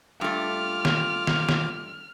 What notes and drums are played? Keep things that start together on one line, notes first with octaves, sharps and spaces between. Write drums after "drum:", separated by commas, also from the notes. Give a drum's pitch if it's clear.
G2 A3 F4 D6 F6
drum: snare
drum: snare
drum: snare